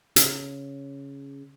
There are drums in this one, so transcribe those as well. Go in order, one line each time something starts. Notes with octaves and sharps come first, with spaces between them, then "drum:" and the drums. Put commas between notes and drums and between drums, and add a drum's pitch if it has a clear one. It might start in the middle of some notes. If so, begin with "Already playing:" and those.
C#3, drum: hi-hat